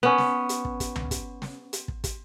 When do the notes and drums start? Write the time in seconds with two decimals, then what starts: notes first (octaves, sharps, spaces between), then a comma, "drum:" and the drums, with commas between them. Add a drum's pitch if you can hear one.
0.03 B3 C#4
0.18 drum: snare
0.49 drum: hi-hat
0.65 drum: kick
0.80 drum: kick, hi-hat
0.96 drum: tom C#2
1.11 drum: kick, hi-hat
1.42 drum: snare
1.73 drum: hi-hat
1.88 drum: kick
2.04 drum: kick, hi-hat